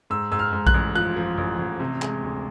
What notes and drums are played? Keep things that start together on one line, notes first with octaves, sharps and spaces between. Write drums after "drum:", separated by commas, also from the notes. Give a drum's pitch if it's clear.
G#2 E6
G#2 E6
F6
G#2
F#6, drum: kick A#1
A1
F3 F#6
F3
A1
A1
C3
G#3, drum: clap
D2